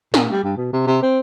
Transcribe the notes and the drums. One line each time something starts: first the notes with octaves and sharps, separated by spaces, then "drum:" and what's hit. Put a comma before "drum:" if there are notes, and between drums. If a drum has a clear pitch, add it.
A#2, drum: snare
G3
G2
B2
C3
C3
C4